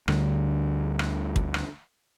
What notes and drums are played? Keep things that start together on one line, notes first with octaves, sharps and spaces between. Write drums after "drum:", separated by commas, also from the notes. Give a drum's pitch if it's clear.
D2 D3 G3, drum: rim click
drum: rim click
drum: kick
drum: rim click